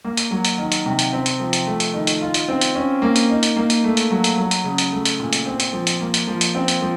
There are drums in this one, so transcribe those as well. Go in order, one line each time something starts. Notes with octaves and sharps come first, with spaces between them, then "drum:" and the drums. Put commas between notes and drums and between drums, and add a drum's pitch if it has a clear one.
A#3
drum: hi-hat
F#3
drum: hi-hat
D#3
drum: hi-hat
C3
drum: hi-hat
C4
drum: hi-hat
F3
drum: hi-hat
A3
drum: hi-hat
D#3
drum: hi-hat
F4
drum: hi-hat
C4
drum: hi-hat
C#4
A#3
drum: hi-hat
D#4
drum: hi-hat
A#3
drum: hi-hat
A3
drum: hi-hat
F#3
drum: hi-hat
F#3
drum: hi-hat
C#3
drum: hi-hat
A3
drum: hi-hat
A#2
drum: hi-hat
C4
drum: hi-hat
F3
drum: hi-hat
A#3
drum: hi-hat
F3
drum: hi-hat
C4
drum: hi-hat
F3